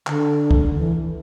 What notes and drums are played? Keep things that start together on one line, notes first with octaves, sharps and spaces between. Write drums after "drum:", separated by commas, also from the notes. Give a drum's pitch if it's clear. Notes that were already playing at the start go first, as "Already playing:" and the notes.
D3, drum: clap
drum: kick
E3